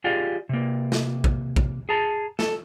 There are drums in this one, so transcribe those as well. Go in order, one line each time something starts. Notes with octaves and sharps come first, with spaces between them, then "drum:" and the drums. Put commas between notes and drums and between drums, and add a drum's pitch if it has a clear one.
F4 G4 G#4 D5 D#5 F5
C3 A#3
drum: snare
drum: kick
drum: kick
G#4 A5 A#5
A4, drum: snare